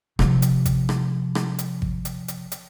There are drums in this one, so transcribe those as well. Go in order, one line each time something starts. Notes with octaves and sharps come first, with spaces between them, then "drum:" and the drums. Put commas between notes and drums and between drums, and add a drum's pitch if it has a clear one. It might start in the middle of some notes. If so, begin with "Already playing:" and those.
C3 F3, drum: rim click
drum: hi-hat
drum: kick G#1, hi-hat
drum: rim click
drum: rim click
drum: hi-hat
drum: kick G#1
drum: hi-hat
drum: hi-hat
drum: hi-hat